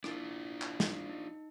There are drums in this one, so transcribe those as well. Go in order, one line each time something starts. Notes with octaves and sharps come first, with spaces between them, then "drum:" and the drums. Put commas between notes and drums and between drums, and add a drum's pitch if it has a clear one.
D4 E4 F4, drum: rim click
drum: clap
drum: snare
D#4